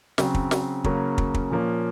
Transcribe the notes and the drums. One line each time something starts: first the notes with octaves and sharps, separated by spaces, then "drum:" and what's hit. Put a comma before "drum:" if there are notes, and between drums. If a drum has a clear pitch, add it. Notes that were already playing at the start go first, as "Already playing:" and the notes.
C#3 F#3 C4, drum: snare
drum: kick
drum: snare
C#3 F#3 A#3 C#4, drum: kick
drum: kick
drum: kick
A#2 F3 A#3 C#4